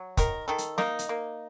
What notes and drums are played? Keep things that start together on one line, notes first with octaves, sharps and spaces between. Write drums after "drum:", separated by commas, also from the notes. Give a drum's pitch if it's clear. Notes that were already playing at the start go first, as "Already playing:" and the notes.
Already playing: F#3
D#3 A#4, drum: kick, hi-hat
D#3 A4
drum: hi-hat
A#3 D#4, drum: snare
drum: hi-hat
A#3